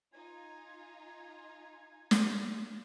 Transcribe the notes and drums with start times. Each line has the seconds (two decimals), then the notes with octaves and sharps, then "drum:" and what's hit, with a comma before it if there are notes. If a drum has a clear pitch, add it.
0.14 D#4 F4 G#5
2.11 drum: snare